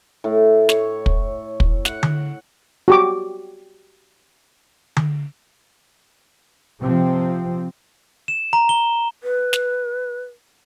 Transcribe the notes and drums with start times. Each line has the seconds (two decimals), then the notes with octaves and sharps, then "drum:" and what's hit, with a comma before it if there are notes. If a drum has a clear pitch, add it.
0.24 A2
0.69 C#5, drum: snare
1.06 drum: kick
1.60 drum: kick
1.85 F#5, drum: snare
2.03 drum: tom D3
2.88 F#4 G4 D6
4.96 drum: tom D3
6.81 C3 F3 C4
8.28 E7
8.53 A#5
8.69 G7
9.23 B4
9.53 drum: snare